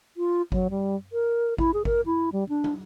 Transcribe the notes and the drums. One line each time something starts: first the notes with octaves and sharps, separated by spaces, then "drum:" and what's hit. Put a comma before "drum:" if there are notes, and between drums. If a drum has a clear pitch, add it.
F4
F#3, drum: kick G#1
G3
A#4
E4, drum: kick G#1
G#4
A#4, drum: kick G#1
E4
G3
D4
drum: tom